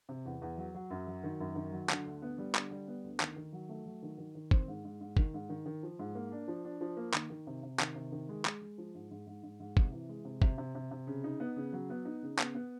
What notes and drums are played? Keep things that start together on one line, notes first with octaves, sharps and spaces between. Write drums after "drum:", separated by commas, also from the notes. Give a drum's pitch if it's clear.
C3
E2
E2
F#3
F#3
F#2
F#3
D#3
F#2
D#3
F#3
D3, drum: clap
D2
B3
G3
D3, drum: clap
G3
B3
D2
D#3, drum: clap
D#3
F#3
A3
F#3
D#3
D#3
D#3
C4, drum: kick
G#2
G#2
G#2
D#3, drum: kick
G#2
D#3
D#3
F3
G#2
A#3
D4
F3
D4
F3
A#3
D#3, drum: clap
D#3
C3
C3
D#3, drum: clap
C3
D#3
G#3
G#3, drum: clap
G#3
F3
G#2
G#2
G#2
G#2
G#2
C3, drum: kick
E3
G#3
C3
C3, drum: kick
C3
C3
C3
C#3
D#4
B3
C#3
F#3
B3
D#4
C#3
B3, drum: clap
B3